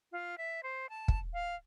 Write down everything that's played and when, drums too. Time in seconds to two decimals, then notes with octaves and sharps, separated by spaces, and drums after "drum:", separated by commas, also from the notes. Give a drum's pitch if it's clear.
0.12 F4
0.38 E5
0.63 C5
0.90 A5
1.08 drum: kick
1.34 F5